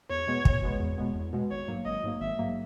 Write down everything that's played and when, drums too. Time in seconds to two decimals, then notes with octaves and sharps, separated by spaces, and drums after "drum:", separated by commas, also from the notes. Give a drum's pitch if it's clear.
0.10 E2 C#5
0.27 B2 G#3 B3
0.45 E2, drum: kick
0.62 B2 G#3 B3
0.80 E2
0.98 B2 G#3 B3
1.15 E2
1.33 B2 G#3 B3
1.50 G#1 C#5
1.68 G#2 F#3 A#3
1.85 G#1 D#5
2.03 G#2 F#3 A#3
2.21 G#1 E5
2.39 G#2 F#3 A#3